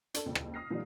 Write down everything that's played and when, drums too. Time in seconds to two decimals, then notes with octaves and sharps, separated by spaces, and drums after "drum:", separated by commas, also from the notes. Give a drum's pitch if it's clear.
0.14 D4 A4, drum: hi-hat
0.26 F2 A#2 C#3 C4
0.35 drum: rim click
0.54 D#6 F6 A#6 C7
0.70 A#2 E3 F#3 G#3 D4